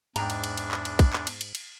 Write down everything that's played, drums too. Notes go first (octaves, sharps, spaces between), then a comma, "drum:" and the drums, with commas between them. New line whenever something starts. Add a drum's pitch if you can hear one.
E2 G#2 D4 G5 A#5, drum: cymbal
drum: cymbal
drum: cymbal
drum: cymbal
drum: clap
drum: cymbal
drum: kick, cymbal
drum: clap
drum: cymbal
drum: cymbal
drum: cymbal